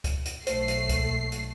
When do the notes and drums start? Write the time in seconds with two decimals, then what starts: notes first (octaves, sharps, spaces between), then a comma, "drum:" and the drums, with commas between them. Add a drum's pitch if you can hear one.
0.04 drum: kick C#2, hi-hat
0.25 drum: hi-hat
0.47 B1 A3 C5 C7, drum: hi-hat
0.68 drum: hi-hat
0.89 drum: kick C#2, hi-hat
1.32 drum: hi-hat